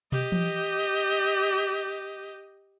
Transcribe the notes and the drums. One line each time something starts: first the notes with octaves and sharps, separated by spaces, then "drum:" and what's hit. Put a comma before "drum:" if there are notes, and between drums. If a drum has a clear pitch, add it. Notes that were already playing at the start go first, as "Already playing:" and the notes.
G4 D#5, drum: tom
drum: tom E3